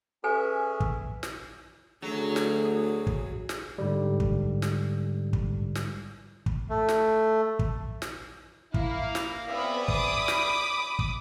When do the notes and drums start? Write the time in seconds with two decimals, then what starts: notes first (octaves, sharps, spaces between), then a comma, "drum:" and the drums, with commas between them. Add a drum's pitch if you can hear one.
0.24 C#4 G#4 A4 B4 E5 G#5
0.80 drum: kick
1.23 drum: snare
2.02 D2 F#3 G#4
2.36 drum: snare
3.07 drum: kick
3.49 drum: snare
3.78 G#2 D3 G3
4.20 drum: kick
4.62 drum: snare
5.33 drum: kick
5.75 drum: snare
6.46 drum: kick
6.69 A3
6.89 drum: snare
7.59 drum: kick
8.02 drum: snare
8.74 A#3 E4 F5, drum: kick
9.15 drum: snare
9.47 B3 C4 G#4 D5 E5 B5
9.88 B5 D6 D#6, drum: kick
10.28 drum: snare
10.99 drum: kick